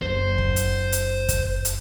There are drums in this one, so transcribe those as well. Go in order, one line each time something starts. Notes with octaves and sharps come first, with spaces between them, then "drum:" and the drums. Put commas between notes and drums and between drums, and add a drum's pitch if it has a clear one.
F#1 D4 C5
drum: kick
drum: hi-hat
drum: hi-hat
drum: kick, hi-hat
drum: hi-hat